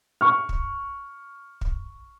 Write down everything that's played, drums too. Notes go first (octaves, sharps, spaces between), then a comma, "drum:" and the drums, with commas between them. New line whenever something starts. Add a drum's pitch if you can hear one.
C#6 F6
drum: kick
drum: kick